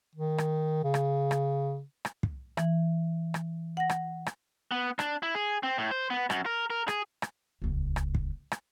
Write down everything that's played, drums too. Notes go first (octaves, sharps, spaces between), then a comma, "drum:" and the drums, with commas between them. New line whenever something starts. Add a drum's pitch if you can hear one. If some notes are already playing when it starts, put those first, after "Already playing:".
D#3
drum: rim click
C#3
drum: rim click
drum: rim click
drum: rim click
drum: kick
E3, drum: rim click
drum: rim click
F#5 A#6
drum: rim click
drum: rim click
B3
D4, drum: rim click
E4
G#4
C4
A2
C5
B3
F#2, drum: rim click
A#4
A#4
G#4, drum: rim click
drum: rim click
D#1 C#2
drum: rim click
drum: kick
drum: rim click